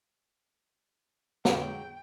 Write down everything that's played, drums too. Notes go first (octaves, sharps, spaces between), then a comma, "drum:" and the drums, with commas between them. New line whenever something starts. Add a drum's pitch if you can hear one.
D3 F#3 G#3 G5, drum: snare